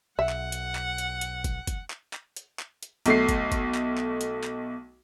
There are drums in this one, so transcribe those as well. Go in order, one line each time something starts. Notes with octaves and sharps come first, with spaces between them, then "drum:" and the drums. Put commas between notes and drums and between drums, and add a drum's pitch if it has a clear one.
B1 E5 F#5
drum: clap
drum: hi-hat
drum: clap
drum: hi-hat
drum: hi-hat
drum: kick, hi-hat
drum: kick, hi-hat
drum: clap
drum: clap
drum: hi-hat
drum: clap
drum: hi-hat
B1 A3 C7, drum: hi-hat
drum: kick, hi-hat
drum: kick, hi-hat
drum: clap
drum: clap
drum: hi-hat
drum: clap